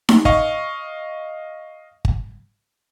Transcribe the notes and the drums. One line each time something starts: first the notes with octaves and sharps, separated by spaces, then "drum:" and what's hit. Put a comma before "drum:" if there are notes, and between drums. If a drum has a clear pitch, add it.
drum: snare D#4
D#5 F5 C#6, drum: kick G1
drum: kick G1